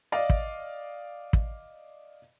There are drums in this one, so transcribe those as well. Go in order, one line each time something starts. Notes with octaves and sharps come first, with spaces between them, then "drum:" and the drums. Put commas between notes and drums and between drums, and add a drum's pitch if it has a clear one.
D5 D#5 F5
drum: kick
drum: kick